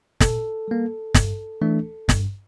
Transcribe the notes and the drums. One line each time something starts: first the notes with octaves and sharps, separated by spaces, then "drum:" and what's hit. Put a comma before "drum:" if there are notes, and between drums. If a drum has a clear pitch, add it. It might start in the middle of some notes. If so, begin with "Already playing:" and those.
A#2 A4, drum: snare
G3 A#3
G2, drum: snare
E3 A3 D4
G2, drum: snare